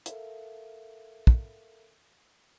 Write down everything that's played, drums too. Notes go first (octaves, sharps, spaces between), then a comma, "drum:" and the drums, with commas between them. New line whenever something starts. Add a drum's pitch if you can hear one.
A4 A#4 E5 F5, drum: hi-hat
drum: kick